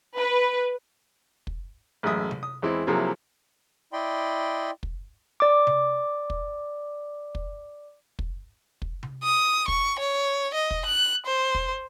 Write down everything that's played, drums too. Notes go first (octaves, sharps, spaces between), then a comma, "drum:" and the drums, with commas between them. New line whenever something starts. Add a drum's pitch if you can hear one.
B4
drum: kick
A1 F#2 G#3 A3 E5 D#6
drum: tom C3
D#6
E2 G#3 C4 E4
C3 F3 F#3 A#3 E4 G#4
E4 D5 D#5 G5 B5 C6
drum: kick
D5 D6
drum: tom C3
drum: kick
drum: kick
drum: kick
drum: kick
drum: tom C3
D#6
C#6, drum: kick
C#5
D#5
drum: kick
F#6
C5
drum: kick